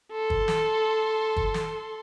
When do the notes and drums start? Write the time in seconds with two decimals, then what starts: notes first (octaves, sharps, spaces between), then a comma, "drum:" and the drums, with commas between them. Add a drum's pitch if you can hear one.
0.12 A4 C6
0.30 drum: kick
0.48 drum: snare
1.37 drum: kick
1.54 drum: snare